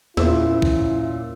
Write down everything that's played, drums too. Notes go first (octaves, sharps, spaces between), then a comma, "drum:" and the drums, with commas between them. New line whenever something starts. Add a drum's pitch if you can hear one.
E2 A#2 C#4 E4 C5 E6, drum: snare
drum: kick